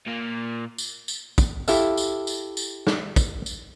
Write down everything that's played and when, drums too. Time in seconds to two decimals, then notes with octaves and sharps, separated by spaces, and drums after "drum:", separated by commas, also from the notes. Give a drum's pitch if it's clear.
0.06 A#2 A#3
0.78 drum: tambourine
1.08 drum: tambourine
1.38 drum: kick, tambourine
1.68 E4 G4 A4 E5 F5, drum: tambourine
1.97 drum: tambourine
2.27 drum: tambourine
2.57 drum: tambourine
2.87 drum: snare
3.16 drum: kick, tambourine
3.46 drum: tambourine